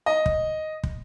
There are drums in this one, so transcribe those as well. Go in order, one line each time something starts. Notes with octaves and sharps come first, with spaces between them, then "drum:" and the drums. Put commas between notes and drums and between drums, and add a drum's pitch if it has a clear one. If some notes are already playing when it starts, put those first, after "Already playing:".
D#5
drum: kick
drum: kick